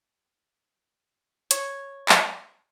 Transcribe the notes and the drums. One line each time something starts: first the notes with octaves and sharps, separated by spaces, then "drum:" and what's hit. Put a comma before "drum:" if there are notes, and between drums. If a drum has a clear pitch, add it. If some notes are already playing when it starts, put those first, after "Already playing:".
C#5, drum: hi-hat
drum: clap